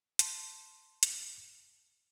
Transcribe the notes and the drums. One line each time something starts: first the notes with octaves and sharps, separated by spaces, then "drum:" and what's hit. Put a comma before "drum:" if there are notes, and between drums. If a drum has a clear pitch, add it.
A5 C6, drum: hi-hat
drum: hi-hat